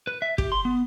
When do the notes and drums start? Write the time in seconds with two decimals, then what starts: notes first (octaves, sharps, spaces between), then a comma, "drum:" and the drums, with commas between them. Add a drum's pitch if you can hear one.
0.07 B4
0.22 E5
0.38 G4, drum: kick
0.52 C6
0.65 B3